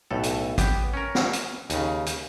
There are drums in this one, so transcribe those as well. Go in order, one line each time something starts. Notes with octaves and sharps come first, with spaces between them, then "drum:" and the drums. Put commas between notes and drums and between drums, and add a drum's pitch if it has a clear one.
B1 A2 A4
drum: hi-hat
B3 G4 G5, drum: kick, hi-hat
C#4 A#4
drum: snare
drum: hi-hat
D#2 C#3, drum: hi-hat
drum: hi-hat